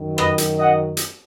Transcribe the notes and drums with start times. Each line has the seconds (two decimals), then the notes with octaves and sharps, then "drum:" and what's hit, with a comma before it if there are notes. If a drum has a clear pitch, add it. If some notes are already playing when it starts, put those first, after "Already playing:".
Already playing: F#2 D#3 F#3
0.18 B4 D#5, drum: rim click
0.38 drum: hi-hat
0.58 D#5 F#5
0.97 drum: hi-hat